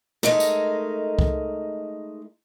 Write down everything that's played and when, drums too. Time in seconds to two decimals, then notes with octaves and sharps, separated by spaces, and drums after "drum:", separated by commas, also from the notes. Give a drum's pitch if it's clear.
0.23 G#3 A3 D#4 A#4, drum: snare
0.40 drum: tambourine
1.19 drum: kick C2